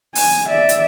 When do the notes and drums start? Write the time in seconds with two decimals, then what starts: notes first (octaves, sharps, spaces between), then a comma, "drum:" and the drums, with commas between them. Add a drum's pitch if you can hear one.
0.15 G#5, drum: open hi-hat
0.49 D5 E5
0.69 drum: hi-hat